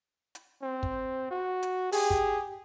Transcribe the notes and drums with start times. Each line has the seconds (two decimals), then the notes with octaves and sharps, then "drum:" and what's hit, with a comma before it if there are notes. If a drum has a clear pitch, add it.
0.35 drum: hi-hat
0.62 C4
0.83 drum: kick
1.31 F#4
1.63 drum: hi-hat
1.92 G4 G#4, drum: open hi-hat
2.10 drum: kick